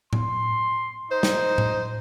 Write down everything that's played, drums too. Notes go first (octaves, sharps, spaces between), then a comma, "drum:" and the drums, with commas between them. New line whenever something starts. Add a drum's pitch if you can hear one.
C6, drum: tom A2
D#4 C5
drum: snare
drum: tom A2